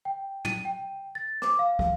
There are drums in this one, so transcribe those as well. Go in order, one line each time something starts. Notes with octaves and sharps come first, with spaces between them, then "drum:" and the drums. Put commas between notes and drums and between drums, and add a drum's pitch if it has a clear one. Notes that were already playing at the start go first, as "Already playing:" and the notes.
G5
D#7, drum: tom
G5
A6
D6, drum: rim click
F5
F5, drum: kick